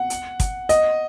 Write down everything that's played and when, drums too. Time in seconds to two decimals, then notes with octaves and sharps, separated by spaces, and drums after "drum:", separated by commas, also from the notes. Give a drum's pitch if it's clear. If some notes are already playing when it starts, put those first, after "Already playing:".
Already playing: F#5
0.10 drum: hi-hat
0.40 drum: kick, hi-hat
0.69 D#5, drum: hi-hat